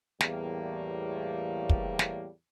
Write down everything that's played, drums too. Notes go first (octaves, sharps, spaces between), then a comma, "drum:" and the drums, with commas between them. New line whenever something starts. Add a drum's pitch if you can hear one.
E2 A2 G3 A#3, drum: snare
drum: kick
drum: snare